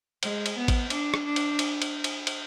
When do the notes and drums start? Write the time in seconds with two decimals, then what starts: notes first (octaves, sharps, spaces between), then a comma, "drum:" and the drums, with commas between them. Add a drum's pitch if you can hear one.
0.23 G#3, drum: cymbal
0.46 drum: cymbal
0.57 B3
0.68 drum: kick A1, cymbal
0.90 D4, drum: cymbal
1.14 drum: rim click
1.25 D4
1.36 drum: cymbal
1.59 drum: cymbal
1.82 drum: cymbal
2.04 drum: cymbal
2.27 drum: cymbal